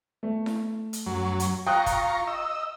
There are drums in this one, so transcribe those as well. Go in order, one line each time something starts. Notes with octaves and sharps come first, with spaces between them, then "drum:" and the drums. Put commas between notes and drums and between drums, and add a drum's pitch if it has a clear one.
A3
drum: snare E4
drum: hi-hat
F#2 F#3
drum: hi-hat
F4 G5 A#5 C#6 D#6 F#6
drum: kick, hi-hat
D#5 E6